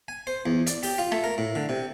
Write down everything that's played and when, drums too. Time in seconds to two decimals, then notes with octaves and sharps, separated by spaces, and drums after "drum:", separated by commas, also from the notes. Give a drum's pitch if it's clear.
0.08 G#5
0.27 C5
0.46 E2
0.67 D5, drum: hi-hat
0.83 G4, drum: open hi-hat
0.98 F4
1.12 A3, drum: rim click
1.24 A#4
1.38 A2
1.55 D3
1.69 C3